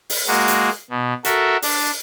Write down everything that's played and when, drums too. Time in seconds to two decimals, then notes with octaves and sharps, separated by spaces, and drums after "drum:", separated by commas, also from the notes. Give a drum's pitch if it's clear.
0.10 drum: open hi-hat
0.27 G#3 A#3 F#4
0.48 drum: hi-hat
0.90 B2
1.25 F#4 A4 A#4 E5, drum: hi-hat
1.62 D4, drum: open hi-hat